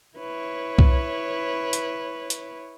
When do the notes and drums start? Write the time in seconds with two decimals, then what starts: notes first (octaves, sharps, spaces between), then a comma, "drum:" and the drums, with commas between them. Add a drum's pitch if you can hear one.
0.17 E4 B4 C#5
0.79 drum: kick C2
1.73 drum: hi-hat
2.30 drum: hi-hat